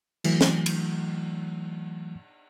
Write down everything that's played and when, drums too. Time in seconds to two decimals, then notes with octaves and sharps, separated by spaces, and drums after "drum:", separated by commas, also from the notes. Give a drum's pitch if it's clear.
0.24 E3 F#3 A3, drum: cymbal
0.41 drum: snare
0.66 drum: cymbal